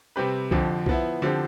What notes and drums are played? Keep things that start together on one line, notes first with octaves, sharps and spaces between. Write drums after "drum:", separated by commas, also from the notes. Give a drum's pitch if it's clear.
C3 G3 C4 G4 B4
F2 D3 F3, drum: kick
F3 B3 E4, drum: kick
D3 F3 C4 G4